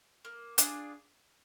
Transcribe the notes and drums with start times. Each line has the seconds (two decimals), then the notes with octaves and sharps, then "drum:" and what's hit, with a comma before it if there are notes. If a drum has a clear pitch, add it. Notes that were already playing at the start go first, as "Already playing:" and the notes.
0.25 A#3
0.58 D4 F4 G#4, drum: hi-hat